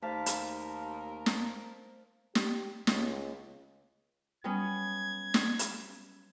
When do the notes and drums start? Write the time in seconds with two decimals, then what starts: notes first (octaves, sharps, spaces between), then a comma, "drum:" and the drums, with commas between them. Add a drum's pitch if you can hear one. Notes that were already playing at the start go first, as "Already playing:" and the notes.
0.02 D#2 A3 A#4 C5 F5 A5 B6
0.26 drum: hi-hat
1.26 drum: snare
2.35 G4, drum: snare
2.87 C#2, drum: snare
4.44 F#3 G3 B3 C#4 G#6
5.34 drum: snare
5.59 drum: hi-hat